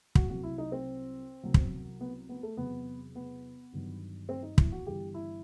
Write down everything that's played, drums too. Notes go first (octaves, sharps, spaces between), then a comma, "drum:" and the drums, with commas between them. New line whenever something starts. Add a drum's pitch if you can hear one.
F#4, drum: kick
C2 C3 F#3 F#4
E4
D#4
C4
C2 C3 F#3
drum: kick
B3
B3
A3
E2 C3 F#3 B3
B3
G1 G2 D#3 F#3
C4
D#4
E4, drum: kick
F#4
G1 G2 E3 G3 G4
E4